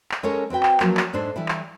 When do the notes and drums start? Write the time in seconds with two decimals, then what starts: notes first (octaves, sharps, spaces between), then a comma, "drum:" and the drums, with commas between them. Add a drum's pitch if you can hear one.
0.12 drum: clap
0.23 G#3 C#4 A4 A#4 C#5
0.50 C4 F#4 B4 G5
0.63 drum: clap
0.80 F3 F#3 A#3 C#4, drum: clap
0.97 drum: clap
1.13 G#2 D4 A4 C5
1.36 E3 G3 E4
1.48 drum: clap